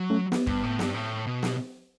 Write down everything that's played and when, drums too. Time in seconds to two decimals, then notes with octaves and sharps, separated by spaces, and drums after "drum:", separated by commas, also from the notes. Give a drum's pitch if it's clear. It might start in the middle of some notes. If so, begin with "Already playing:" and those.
Already playing: F#3
0.10 A3 C#4
0.32 B3, drum: snare
0.47 G2, drum: kick
0.64 A2
0.79 G2, drum: snare
0.94 A2
1.27 B2
1.43 drum: snare